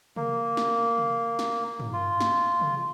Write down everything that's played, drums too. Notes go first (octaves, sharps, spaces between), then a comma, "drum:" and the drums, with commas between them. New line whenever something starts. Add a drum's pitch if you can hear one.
A#3, drum: tom C3
drum: snare
drum: tom C3
drum: snare
drum: tom
F4
drum: snare
drum: tom C3